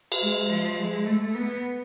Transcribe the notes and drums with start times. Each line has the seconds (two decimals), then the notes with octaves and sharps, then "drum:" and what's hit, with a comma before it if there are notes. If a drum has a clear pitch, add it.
0.12 drum: cymbal
0.22 G#3
0.50 F3
0.78 G#3
1.06 A3
1.35 B3